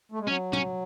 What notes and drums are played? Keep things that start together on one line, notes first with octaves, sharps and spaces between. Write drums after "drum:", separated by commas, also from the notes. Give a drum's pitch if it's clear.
A3
G#3
F#3 C#4
C#4, drum: tom